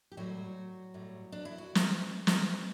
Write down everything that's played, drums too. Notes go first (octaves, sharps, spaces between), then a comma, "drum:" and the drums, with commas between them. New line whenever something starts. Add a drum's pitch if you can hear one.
G4
A2 F#3 G3 F#4
A2 G3
D4
E4
F#4
drum: snare
drum: snare